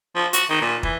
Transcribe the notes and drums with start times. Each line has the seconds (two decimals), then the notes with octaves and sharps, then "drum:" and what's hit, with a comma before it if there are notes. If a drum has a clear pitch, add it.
0.15 F3
0.33 F#4, drum: hi-hat
0.50 D#3
0.61 A#2
0.83 E3, drum: kick